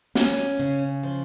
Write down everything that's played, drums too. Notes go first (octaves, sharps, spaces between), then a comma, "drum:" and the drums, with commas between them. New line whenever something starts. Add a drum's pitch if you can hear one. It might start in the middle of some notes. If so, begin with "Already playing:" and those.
C#4, drum: snare
C#3
F3